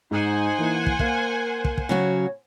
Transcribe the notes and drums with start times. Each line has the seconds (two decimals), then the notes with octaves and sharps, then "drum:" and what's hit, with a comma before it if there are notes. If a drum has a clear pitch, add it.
0.11 G#2 D#4 C5 F#5 G#5
0.59 E3 A#3
0.86 drum: kick
0.99 A#3 A#4 F5, drum: kick
1.65 drum: kick
1.78 drum: kick
1.89 C#3 F#3 F#4 C#5